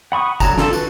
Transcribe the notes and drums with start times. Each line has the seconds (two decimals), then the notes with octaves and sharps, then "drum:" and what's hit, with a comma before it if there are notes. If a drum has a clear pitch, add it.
0.12 F#5 B5 C#6 D#6
0.40 D3 F#3 A5 A#5, drum: kick, tambourine
0.58 D4 F4 A4 F5 A5, drum: snare
0.73 F#4 B4, drum: tambourine